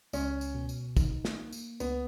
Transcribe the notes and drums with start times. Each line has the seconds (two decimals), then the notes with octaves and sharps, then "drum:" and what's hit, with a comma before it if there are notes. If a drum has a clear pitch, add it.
0.13 C#2 C#4, drum: tambourine
0.41 drum: tambourine
0.54 B2
0.69 drum: tambourine
0.97 D#4, drum: kick, tambourine
1.25 drum: snare
1.38 A#3
1.53 drum: tambourine
1.80 C#2 B3, drum: tambourine